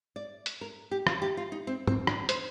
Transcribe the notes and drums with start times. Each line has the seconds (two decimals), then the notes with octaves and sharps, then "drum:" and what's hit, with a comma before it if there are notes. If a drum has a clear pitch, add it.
0.16 D5
0.46 drum: hi-hat
0.61 A#4
0.91 G4
1.07 F4, drum: rim click
1.22 G4
1.37 F4
1.52 D#4
1.67 C4
1.87 C4, drum: tom
2.07 D4, drum: rim click
2.29 C5, drum: hi-hat